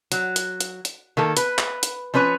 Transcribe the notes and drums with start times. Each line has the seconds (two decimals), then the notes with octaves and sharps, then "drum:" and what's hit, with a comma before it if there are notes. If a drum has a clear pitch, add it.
0.12 F#3, drum: hi-hat
0.36 drum: hi-hat
0.60 drum: hi-hat
0.85 drum: hi-hat
1.17 D#3 A#3 A4
1.37 B4, drum: hi-hat
1.58 drum: clap
1.83 drum: hi-hat
2.14 F3 C#4 B4 C#5